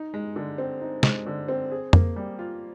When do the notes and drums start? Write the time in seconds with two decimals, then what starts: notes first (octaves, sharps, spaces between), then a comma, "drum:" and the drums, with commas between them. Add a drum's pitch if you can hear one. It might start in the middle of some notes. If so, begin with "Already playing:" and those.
Already playing: D#4
0.14 G#3
0.36 D3
0.58 C4
0.82 D#4
1.03 G#3, drum: snare
1.26 D3
1.48 C4
1.71 G#4
1.93 A#3, drum: tom F2
2.16 G3
2.39 F4